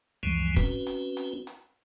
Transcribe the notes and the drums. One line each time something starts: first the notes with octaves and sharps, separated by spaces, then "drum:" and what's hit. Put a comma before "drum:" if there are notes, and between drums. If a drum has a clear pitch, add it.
C#2 F#2 E3 F3 G3 G#3
C4 C#4 F#4 B4, drum: kick, hi-hat
drum: hi-hat
drum: hi-hat
drum: hi-hat